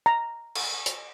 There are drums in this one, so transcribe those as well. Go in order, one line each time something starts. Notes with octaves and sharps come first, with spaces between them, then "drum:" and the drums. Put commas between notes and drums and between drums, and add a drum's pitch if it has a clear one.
A#5
drum: cymbal
drum: hi-hat